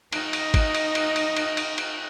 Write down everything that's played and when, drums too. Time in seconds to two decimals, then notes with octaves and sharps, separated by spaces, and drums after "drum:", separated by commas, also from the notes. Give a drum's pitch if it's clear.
0.13 D#4 D#5, drum: cymbal
0.33 drum: cymbal
0.54 drum: kick G#1, cymbal
0.75 drum: cymbal
0.95 drum: cymbal
1.16 drum: cymbal
1.37 drum: cymbal
1.57 drum: cymbal
1.78 drum: cymbal